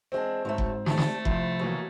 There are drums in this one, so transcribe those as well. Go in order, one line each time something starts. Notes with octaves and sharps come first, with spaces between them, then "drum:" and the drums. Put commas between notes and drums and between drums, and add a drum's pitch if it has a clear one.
E2 G#3 C4 D4
G#2 F#3 G3 A3
drum: kick F#1
A3 D4 G4, drum: snare
drum: snare
C2 F3 E4, drum: kick F#1
B2 E3 F#3 A#3